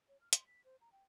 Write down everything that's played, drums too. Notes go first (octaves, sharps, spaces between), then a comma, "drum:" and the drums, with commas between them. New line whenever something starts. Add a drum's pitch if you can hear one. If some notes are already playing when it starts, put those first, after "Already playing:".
C#5
F6
C6, drum: hi-hat
B6
C5
A#5
G5